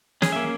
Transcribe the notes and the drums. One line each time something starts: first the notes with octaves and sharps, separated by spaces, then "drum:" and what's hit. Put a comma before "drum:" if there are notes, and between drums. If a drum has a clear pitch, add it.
C#4 G#4, drum: snare
A#3 E5